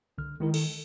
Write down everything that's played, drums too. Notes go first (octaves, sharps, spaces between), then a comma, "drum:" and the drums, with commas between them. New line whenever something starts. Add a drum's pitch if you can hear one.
C2 D3 F6
D#3 G#3 E4 A#4
A4, drum: cymbal